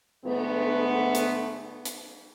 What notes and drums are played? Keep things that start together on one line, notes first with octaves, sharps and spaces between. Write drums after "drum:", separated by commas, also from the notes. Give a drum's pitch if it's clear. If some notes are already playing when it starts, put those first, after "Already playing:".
G#2 D3 A3 B3, drum: cymbal
drum: hi-hat
drum: hi-hat